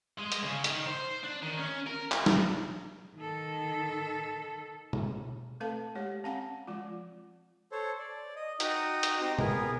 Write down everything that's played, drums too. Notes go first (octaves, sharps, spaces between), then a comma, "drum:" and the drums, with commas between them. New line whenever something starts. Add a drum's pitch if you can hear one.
G#3
drum: hi-hat
C#3
D#3, drum: hi-hat
C5
D4
D#3
C#4
A#4
drum: clap
drum: snare
D#3 A4
drum: tom B2
A3 C4 A4 B4 F5 A5
G#3 G4 C#5
C4 C#4 F5 F#5 G#5
F3 G#3 F4
A4 C5 C#5
D5
D#5
D#4 F#4 G5 A#5 D#6, drum: hi-hat
drum: hi-hat
C4 D#4 G4 C5 G5 A#5
B3 G#4 A#4, drum: tom B2